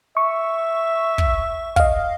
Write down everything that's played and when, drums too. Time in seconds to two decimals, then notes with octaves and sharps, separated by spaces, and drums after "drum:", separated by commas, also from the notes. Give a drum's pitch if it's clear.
0.17 E5 C#6
1.18 drum: kick
1.76 D#5 F5, drum: kick